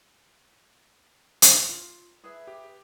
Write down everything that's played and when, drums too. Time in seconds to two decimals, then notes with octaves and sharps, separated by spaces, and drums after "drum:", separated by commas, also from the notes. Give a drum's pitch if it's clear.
1.42 drum: hi-hat
1.68 F4
2.24 G#4 B4 E5
2.47 G4